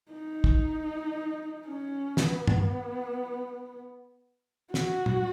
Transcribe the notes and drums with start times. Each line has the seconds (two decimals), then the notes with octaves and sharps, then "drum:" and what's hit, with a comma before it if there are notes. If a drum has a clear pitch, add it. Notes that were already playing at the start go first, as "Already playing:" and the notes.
0.12 D#4
0.44 drum: kick
1.67 C#4
2.17 B3, drum: snare
2.47 drum: tom
4.74 F#4, drum: snare
5.06 drum: tom